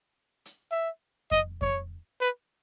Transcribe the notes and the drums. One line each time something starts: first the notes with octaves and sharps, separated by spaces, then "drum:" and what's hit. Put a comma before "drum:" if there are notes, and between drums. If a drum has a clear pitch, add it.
drum: hi-hat
E5
D#5, drum: kick F2
C#5, drum: kick F2
B4